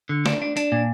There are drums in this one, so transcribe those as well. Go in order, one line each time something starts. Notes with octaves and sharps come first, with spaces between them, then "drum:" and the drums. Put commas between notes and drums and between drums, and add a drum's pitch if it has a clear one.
D3
D4, drum: snare
D4
D4, drum: hi-hat
A#2